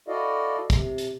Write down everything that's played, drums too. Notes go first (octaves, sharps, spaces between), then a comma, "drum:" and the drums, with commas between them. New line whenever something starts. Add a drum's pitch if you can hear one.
E4 F#4 A4 D5 D#5 F5
C3, drum: kick, hi-hat
drum: hi-hat